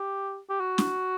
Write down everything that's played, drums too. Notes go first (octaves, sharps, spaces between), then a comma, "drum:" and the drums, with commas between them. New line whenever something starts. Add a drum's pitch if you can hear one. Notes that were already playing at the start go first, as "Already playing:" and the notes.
Already playing: G4
G4
F#4
drum: snare